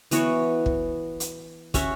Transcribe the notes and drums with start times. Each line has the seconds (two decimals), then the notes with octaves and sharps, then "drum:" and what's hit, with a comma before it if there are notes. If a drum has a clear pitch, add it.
0.11 E3 B3 F#4 C#5, drum: hi-hat
0.66 drum: kick
1.20 drum: hi-hat
1.74 C#4 F#4 C#5 E5, drum: kick, hi-hat